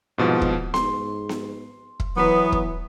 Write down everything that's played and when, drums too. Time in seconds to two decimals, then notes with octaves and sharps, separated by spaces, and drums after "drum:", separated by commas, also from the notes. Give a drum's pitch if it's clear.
0.18 C2 G#2 B2 F3
0.41 drum: kick
0.74 G#2 C6, drum: snare B3
1.29 drum: snare B3
2.00 drum: kick
2.17 E3 F#3 B3
2.52 drum: kick